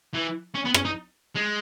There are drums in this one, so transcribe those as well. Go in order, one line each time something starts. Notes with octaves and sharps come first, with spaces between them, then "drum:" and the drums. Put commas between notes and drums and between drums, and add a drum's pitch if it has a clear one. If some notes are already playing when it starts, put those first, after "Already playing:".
E3
C#4
B3
C#4, drum: rim click
D#4
G#3